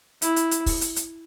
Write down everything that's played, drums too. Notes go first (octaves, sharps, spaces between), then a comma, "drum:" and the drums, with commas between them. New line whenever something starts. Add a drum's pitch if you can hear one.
E4, drum: hi-hat
drum: hi-hat
drum: hi-hat
drum: kick, open hi-hat
drum: hi-hat
drum: hi-hat